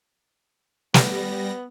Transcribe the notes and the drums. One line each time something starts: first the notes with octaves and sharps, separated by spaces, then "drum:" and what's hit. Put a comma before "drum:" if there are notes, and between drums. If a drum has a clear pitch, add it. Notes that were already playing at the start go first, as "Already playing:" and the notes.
G3 B3 A#6, drum: snare